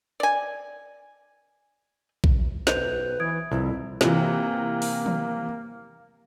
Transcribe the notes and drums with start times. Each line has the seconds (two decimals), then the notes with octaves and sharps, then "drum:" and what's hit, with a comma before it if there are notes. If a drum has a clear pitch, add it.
0.20 D5 G#5
2.24 drum: kick A#1
2.67 B1 B4 C5 G6 F7, drum: snare
3.20 E3 D#6 G#6 D7
3.52 C2 F2 E4
4.01 C3 E3 A#3, drum: snare
4.82 drum: open hi-hat
5.06 drum: tom D#3